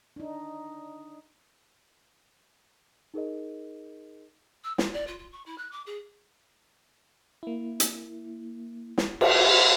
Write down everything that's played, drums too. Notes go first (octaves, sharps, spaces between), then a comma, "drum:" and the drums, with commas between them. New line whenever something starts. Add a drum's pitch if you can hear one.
D4 D#4
D#4 G#4 A#4 D#5
E6
F4, drum: snare
D5
F4
F4
C#6
E4
F#6
D6
G#4
A#3 E4
drum: hi-hat
drum: snare
drum: cymbal